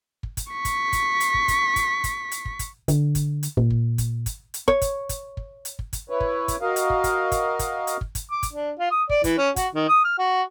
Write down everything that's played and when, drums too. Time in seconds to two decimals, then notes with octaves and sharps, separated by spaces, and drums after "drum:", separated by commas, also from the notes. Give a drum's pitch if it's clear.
0.23 drum: kick
0.37 drum: kick, hi-hat
0.52 C#6 B6
0.65 drum: kick, hi-hat
0.93 drum: kick, hi-hat
1.20 drum: hi-hat
1.34 drum: kick
1.48 drum: kick, hi-hat
1.76 drum: kick, hi-hat
2.04 drum: kick, hi-hat
2.32 drum: hi-hat
2.45 drum: kick
2.59 drum: kick, hi-hat
2.88 D3, drum: kick, hi-hat
3.15 drum: kick, hi-hat
3.43 drum: hi-hat
3.57 A#2, drum: kick
3.70 drum: kick
3.98 drum: kick, hi-hat
4.26 drum: kick, hi-hat
4.54 drum: hi-hat
4.68 C#5, drum: kick
4.82 drum: kick, hi-hat
5.09 drum: kick, hi-hat
5.37 drum: kick
5.65 drum: hi-hat
5.79 drum: kick
5.93 drum: kick, hi-hat
6.10 E4 B4 C#5
6.20 drum: kick
6.48 drum: kick, hi-hat
6.62 F#4 A#4 D#5 F5
6.76 drum: hi-hat
6.90 drum: kick
7.04 drum: kick, hi-hat
7.32 drum: kick, hi-hat
7.59 drum: kick, hi-hat
7.87 drum: hi-hat
8.01 drum: kick
8.15 drum: kick, hi-hat
8.31 D6
8.43 drum: kick, hi-hat
8.53 D4
8.79 F4
8.91 D#6
9.09 D5, drum: kick
9.24 E3, drum: kick, hi-hat
9.38 C#4
9.56 F#4, drum: kick, hi-hat
9.74 D#3
9.88 D#6
10.04 F6
10.18 F#4